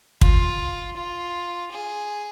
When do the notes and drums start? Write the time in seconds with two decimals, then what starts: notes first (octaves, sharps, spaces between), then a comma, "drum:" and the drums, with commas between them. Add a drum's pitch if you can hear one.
0.21 F4, drum: kick
0.96 F4
1.72 G#4